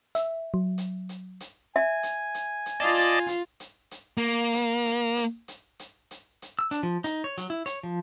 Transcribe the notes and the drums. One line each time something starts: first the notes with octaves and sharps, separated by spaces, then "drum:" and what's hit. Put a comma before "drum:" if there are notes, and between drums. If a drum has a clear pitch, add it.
E5, drum: hi-hat
F#3
drum: hi-hat
drum: hi-hat
drum: hi-hat
E5 G#5
drum: hi-hat
drum: hi-hat
drum: hi-hat
F4 D5 D#5 A5
drum: hi-hat
drum: hi-hat
drum: hi-hat
drum: hi-hat
A#3
drum: hi-hat
drum: hi-hat
drum: hi-hat
drum: hi-hat
drum: hi-hat
drum: hi-hat
drum: hi-hat
E6
D4, drum: hi-hat
F3
D#4, drum: hi-hat
C#5
F#3, drum: hi-hat
E4
C#5, drum: hi-hat
F3